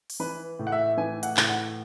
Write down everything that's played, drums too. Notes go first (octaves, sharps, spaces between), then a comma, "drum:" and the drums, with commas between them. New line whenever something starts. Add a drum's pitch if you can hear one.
drum: open hi-hat
E3 B4
A2
F#5
E5
E3 G#5
F#5, drum: hi-hat
A2, drum: clap
F#5